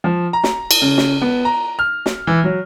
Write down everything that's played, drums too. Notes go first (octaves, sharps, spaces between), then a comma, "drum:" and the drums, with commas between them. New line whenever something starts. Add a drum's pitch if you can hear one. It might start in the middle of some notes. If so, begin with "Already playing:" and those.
F3
A#5
drum: snare
drum: cymbal
C#3
drum: snare
B3
A#5
F6
drum: snare
E3
F#3